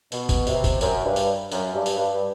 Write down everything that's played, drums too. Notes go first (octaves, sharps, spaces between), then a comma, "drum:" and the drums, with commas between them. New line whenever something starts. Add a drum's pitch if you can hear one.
B2, drum: tambourine
drum: kick, tambourine
C3, drum: tambourine
drum: kick, tambourine
F#2, drum: tambourine
G2
drum: tambourine
F#2, drum: tambourine
G2
drum: tambourine
G2